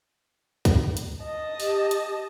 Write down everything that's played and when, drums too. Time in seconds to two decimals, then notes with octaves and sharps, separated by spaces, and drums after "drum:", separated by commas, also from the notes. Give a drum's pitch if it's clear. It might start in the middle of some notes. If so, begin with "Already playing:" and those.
0.65 drum: kick, hi-hat
0.97 drum: hi-hat
1.23 D#5 A5
1.60 G4, drum: open hi-hat
1.91 drum: hi-hat